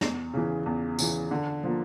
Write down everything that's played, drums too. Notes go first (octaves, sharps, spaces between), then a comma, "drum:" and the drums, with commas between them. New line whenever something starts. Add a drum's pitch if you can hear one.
E2, drum: snare
C#3 E3
E2
C#3 E3, drum: tambourine
D3
F3 A#3